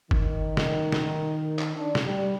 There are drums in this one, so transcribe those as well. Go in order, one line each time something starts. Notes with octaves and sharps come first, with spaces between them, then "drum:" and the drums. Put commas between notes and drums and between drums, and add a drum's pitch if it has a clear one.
D#3, drum: kick G1
drum: snare
drum: snare
drum: clap
D4
drum: snare
G3